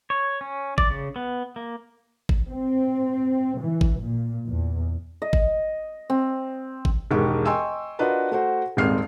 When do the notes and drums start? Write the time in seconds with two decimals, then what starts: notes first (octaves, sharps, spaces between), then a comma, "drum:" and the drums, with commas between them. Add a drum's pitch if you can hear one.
0.10 C#5
0.41 C#4
0.78 D5, drum: kick G#1
0.90 C#3
1.16 B3
1.56 A#3
2.29 drum: kick G#1
2.49 C4
3.59 E3
3.81 drum: kick G#1
4.00 A#2
4.45 E2
5.22 D#5
5.33 drum: kick G#1
6.10 C4
6.85 drum: kick G#1
7.11 E1 G#2 D#3 G4 C#6
7.45 D#5 G5 G#5 C6 C#6 E6
7.99 D4 F4 F#4 A#4 B4 D#5
8.31 A3 F#4 C5
8.77 D#1 G#1 G#3 C4 F6 C7